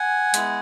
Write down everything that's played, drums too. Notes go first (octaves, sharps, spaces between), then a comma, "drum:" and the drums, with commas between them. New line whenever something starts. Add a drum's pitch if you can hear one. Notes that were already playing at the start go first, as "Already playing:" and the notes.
Already playing: F#5 G#5
G#3 B3 E4, drum: hi-hat